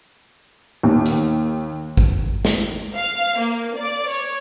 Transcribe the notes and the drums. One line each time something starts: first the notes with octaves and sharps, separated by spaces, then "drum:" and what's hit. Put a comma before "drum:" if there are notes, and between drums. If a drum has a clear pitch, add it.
D#2
drum: hi-hat
drum: kick
drum: snare
F5
A#3
D5
C#5